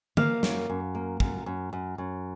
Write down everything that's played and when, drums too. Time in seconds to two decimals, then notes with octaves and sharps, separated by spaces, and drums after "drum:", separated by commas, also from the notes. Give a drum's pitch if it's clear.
0.17 A#3 F5, drum: tom D3
0.43 F#2, drum: snare
0.70 F#2
0.95 A#3
1.20 F#2, drum: kick
1.46 F#2
1.73 F#2
1.98 F#2